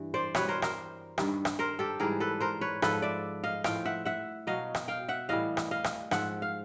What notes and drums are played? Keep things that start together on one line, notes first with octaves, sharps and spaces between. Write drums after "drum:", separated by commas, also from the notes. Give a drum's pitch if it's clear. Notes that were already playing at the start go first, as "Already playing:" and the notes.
Already playing: G2 E3
C5 D5
B2 G3 B4 C#5, drum: rim click
A#4 C5
A#4 C5, drum: rim click
G2 D#3 G3, drum: rim click
drum: rim click
A#4 C5
G4 A4
G#2 E3 G3 G#4 A#4
A4 B4
A#4 C5
B4 C#5
G#2 F3 A4 B4, drum: rim click
D5 E5
D#5 F5
A2 F3 F5 G5, drum: rim click
E5 F#5
E5 F#5
B2 F#3 D#5 F5
drum: rim click
F5 G5
E5 F#5
A2 E3 G3 D#5 F5
drum: rim click
D#5 F5
drum: rim click
G#2 F3 E5 F#5, drum: rim click
F5